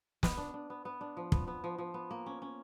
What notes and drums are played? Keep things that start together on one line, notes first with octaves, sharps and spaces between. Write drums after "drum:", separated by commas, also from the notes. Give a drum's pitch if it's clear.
B3, drum: snare
D4
D4
B3
B3
D4
F3
B3, drum: kick
B3
F3
F3
B3
A#3
C#4
C#4